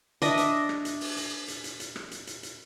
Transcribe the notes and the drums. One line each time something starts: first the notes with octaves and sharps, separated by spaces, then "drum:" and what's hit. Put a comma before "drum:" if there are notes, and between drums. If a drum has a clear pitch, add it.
D4 D#5 E5, drum: hi-hat
drum: hi-hat
drum: rim click
drum: hi-hat
drum: open hi-hat
drum: hi-hat
drum: hi-hat
drum: hi-hat
drum: hi-hat
drum: rim click
drum: hi-hat
drum: hi-hat
drum: hi-hat